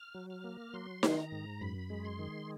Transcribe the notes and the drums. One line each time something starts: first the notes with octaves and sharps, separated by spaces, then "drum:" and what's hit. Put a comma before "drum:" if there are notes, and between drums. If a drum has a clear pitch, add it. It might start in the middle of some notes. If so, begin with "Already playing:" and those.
Already playing: F6
F#3
F6
A#3
F#3 C6
D#3, drum: snare D#4
A#5
G#2
F#2 B5
G#3
C6
D#3